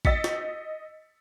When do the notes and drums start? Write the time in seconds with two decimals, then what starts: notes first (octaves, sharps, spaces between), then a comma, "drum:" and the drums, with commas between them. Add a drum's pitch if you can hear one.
0.05 D#5 E6 A6 B6 C#7, drum: kick A1
0.24 drum: snare